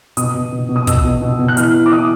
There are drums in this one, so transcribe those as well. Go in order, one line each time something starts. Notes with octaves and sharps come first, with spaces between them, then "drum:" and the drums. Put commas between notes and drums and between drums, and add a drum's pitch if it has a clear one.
B2 D#6, drum: hi-hat
B2
B2
B2
D#6
B2 E6, drum: kick, hi-hat
B2
B2
B2
F#6
E3 F6, drum: hi-hat
E3
D6
E3 D#6